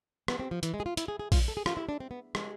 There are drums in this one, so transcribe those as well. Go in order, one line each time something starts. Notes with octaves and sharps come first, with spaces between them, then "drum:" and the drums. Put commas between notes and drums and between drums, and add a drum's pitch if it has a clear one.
B3, drum: rim click
C4
F3
E3, drum: hi-hat
G#3
G#4
F4
E4, drum: hi-hat
G#4
G#4
F4, drum: kick A#1, open hi-hat
A4
G#4
F4, drum: rim click
E4
D4
C4
B3
G#3, drum: rim click